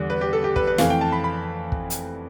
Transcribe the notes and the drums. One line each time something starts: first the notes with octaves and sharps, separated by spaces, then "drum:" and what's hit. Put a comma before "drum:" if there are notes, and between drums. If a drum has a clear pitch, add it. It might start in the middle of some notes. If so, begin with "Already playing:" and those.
Already playing: E2 D3 G3
B4
G4
A4
G4
B4, drum: kick
B4
F2 E3 A3 F5, drum: snare
G5
A5
B5
B5
drum: kick
drum: hi-hat